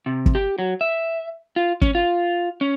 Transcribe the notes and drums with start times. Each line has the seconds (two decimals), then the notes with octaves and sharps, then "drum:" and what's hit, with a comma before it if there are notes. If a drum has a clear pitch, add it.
0.06 C3
0.26 drum: kick
0.35 G4
0.59 F#3
0.81 E5
1.56 F4
1.82 C#4, drum: kick
1.95 F4
2.61 C#4